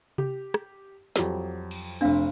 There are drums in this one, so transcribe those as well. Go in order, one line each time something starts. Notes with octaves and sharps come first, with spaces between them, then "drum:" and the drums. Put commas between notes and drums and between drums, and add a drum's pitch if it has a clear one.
G4, drum: tom C3
drum: rim click
F2 F#3 G3, drum: snare
drum: cymbal
F1 C4 D4 F5